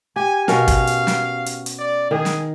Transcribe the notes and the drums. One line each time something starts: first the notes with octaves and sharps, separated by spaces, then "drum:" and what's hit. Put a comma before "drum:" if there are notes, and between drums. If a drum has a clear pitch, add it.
G4 G#5
B2 C#4 A#4 F5, drum: snare
drum: kick, hi-hat
drum: hi-hat
drum: snare
drum: hi-hat
drum: hi-hat
D5
D#3 G#4
drum: snare